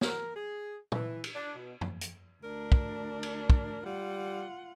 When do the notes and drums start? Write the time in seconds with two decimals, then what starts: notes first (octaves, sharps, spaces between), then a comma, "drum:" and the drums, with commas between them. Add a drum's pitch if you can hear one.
0.01 A#4, drum: snare
0.35 G#4
0.92 E3, drum: tom
1.24 drum: cymbal
1.34 D4
1.54 B2
1.81 drum: tom F#2
2.01 drum: hi-hat
2.43 D2 D4 A#4
2.72 drum: kick
3.23 drum: cymbal
3.50 drum: kick
3.86 G3 F4 F#5